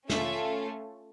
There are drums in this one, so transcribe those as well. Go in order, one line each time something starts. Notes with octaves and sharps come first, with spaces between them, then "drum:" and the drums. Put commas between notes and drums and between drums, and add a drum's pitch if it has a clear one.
A3 C#4 F4 A4 E5, drum: snare